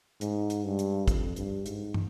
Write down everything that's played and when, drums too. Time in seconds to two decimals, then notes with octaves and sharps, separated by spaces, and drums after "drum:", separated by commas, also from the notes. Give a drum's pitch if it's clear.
0.21 G#2, drum: hi-hat
0.50 drum: hi-hat
0.64 G2
0.79 drum: hi-hat
1.08 F2, drum: kick, hi-hat
1.36 G2, drum: hi-hat
1.66 G#2, drum: hi-hat
1.94 drum: tom